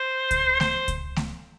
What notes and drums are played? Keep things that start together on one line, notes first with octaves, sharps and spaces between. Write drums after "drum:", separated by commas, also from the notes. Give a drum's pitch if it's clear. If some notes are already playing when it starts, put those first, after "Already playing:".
Already playing: C5
drum: kick C#2, hi-hat
C5, drum: snare A3
drum: kick C#2, hi-hat
drum: snare A3